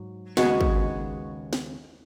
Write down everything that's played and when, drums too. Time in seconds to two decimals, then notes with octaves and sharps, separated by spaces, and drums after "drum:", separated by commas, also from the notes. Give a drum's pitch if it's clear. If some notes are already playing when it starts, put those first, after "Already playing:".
Already playing: G#2 F#3
0.37 D#2 C#3 G#3 B3 F#4, drum: snare
0.61 drum: kick
1.53 drum: snare